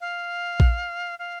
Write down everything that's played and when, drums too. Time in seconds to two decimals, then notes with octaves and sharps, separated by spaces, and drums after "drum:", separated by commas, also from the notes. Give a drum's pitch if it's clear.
0.01 F5
0.60 drum: kick A#1
1.19 F5